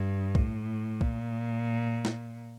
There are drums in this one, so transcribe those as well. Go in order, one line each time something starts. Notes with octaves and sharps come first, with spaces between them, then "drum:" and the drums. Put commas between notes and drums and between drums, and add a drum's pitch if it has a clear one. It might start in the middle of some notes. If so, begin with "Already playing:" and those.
Already playing: G2
A2, drum: kick
A#2, drum: kick
drum: snare